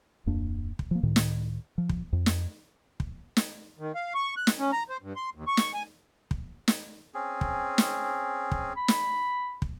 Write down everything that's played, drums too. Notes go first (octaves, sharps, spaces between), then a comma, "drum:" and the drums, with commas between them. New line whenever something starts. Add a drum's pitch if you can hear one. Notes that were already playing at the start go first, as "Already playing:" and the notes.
D1 F2 A#3 D4
drum: kick
F3 A#3
C#2 A2 D#3
drum: snare
F3
drum: kick
F2
drum: snare
drum: kick
drum: snare
D#3
F5
C#6
F#6
drum: snare
C#4
A#5
C5
G2
C6
D#2
C#6
drum: snare
G#5
drum: kick
drum: snare
C4 C#4 G#4
drum: kick
drum: snare
drum: kick
B5
drum: snare
drum: kick